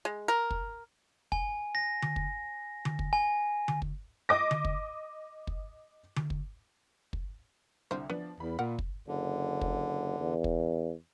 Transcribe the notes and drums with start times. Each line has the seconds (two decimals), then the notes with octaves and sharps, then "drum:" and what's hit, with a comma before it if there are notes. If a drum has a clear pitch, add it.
0.05 G#3
0.28 A#4
0.51 drum: kick
1.32 G#5, drum: kick
1.75 A#6
2.02 drum: tom D3
2.16 drum: kick
2.85 drum: tom D3
2.99 drum: kick
3.13 G#5
3.68 drum: tom D3
3.82 drum: kick
4.29 D#5 D6 A#6
4.51 drum: tom D3
4.65 drum: kick
5.47 drum: kick
6.16 drum: tom D3
6.30 drum: kick
7.13 drum: kick
7.91 C2 D3 F3 C5
8.10 F3 B3 D4
8.40 E2 B5
8.59 A#2 A#4 F#5
8.79 drum: kick
9.08 F#1 D3
9.61 drum: kick
10.20 E2
10.44 drum: kick